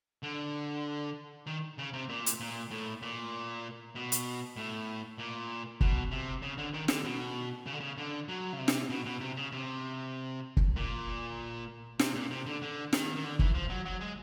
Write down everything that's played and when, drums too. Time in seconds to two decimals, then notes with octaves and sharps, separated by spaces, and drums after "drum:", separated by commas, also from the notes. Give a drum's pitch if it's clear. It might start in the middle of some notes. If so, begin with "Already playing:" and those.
0.23 D3
1.47 D#3
1.78 C#3
1.93 C3
2.09 A#2
2.26 drum: hi-hat
2.40 A#2
2.71 A2
3.02 A#2
3.95 B2
4.12 drum: hi-hat
4.57 A2
5.18 A#2
5.81 B2, drum: kick
6.11 C3
6.42 C#3
6.58 D3
6.73 D#3
6.88 D3, drum: snare
7.04 B2
7.66 C#3
7.73 D3
7.80 C#3
7.98 D3
8.28 F#3
8.53 C#3
8.59 C3
8.68 drum: snare
8.90 B2
9.06 B2
9.20 C3
9.37 C#3
9.52 C3
10.57 drum: kick
10.76 A#2
11.99 C3, drum: snare
12.15 A#2
12.30 C3
12.46 D3
12.62 D3
12.93 D#3, drum: snare
13.16 D#3
13.24 D3
13.39 E3, drum: kick
13.54 F3
13.70 F#3
13.85 F#3
14.01 G#3